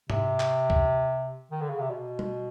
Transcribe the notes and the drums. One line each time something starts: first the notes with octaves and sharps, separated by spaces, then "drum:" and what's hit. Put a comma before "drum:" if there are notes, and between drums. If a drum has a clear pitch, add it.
C3, drum: tom G#2
drum: clap
drum: kick C#2
D#3
D3
C#3
C3
B2
drum: tom G3